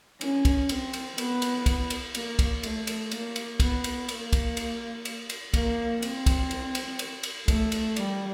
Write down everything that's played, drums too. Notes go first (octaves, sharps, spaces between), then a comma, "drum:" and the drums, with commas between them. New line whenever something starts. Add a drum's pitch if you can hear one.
C#4, drum: cymbal
drum: kick, cymbal
C4, drum: cymbal
drum: cymbal
B3, drum: cymbal
drum: cymbal
drum: kick, cymbal
drum: cymbal
A#3, drum: cymbal
drum: kick, cymbal
A3, drum: cymbal
drum: cymbal
A#3, drum: cymbal
drum: cymbal
B3, drum: kick, cymbal
drum: cymbal
A#3, drum: cymbal
drum: kick, cymbal
drum: cymbal
drum: cymbal
drum: cymbal
A#3, drum: kick, cymbal
C4, drum: cymbal
drum: kick, cymbal
drum: cymbal
drum: cymbal
drum: cymbal
drum: cymbal
A3, drum: kick, cymbal
drum: cymbal
G3, drum: cymbal